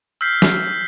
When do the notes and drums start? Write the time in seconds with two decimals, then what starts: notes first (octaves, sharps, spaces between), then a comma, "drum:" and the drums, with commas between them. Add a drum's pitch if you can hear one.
0.21 E6 F6 G6 B6 C7
0.42 drum: snare